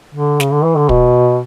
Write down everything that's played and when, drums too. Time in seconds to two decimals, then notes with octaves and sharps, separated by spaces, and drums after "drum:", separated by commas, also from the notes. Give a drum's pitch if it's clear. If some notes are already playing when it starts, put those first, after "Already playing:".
0.15 D3
0.40 C#3, drum: snare
0.52 D3
0.64 E3
0.77 D3
0.89 B2, drum: kick